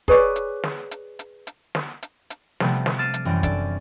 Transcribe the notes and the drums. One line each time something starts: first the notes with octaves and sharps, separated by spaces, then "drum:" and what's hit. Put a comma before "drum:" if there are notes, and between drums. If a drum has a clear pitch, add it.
G#4 B4 C#5 D5, drum: kick
drum: hi-hat
drum: snare
drum: hi-hat
drum: hi-hat
drum: hi-hat
drum: snare
drum: hi-hat
drum: hi-hat
C3 F3 G3 A3 B3 C4, drum: snare
drum: snare
D6 F6 A6 C7 D#7 E7
drum: hi-hat
F#2 E3 G3 C4
D4 A4 D5, drum: kick, hi-hat